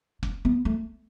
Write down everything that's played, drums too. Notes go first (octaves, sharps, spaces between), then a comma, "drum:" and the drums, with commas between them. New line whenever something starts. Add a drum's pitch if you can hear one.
C#4, drum: kick F1
B3
A3